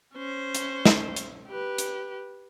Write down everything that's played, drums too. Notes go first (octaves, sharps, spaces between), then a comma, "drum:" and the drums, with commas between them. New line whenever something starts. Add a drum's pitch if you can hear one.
C#4 C5
drum: hi-hat
drum: snare
drum: hi-hat
G4 B4
drum: hi-hat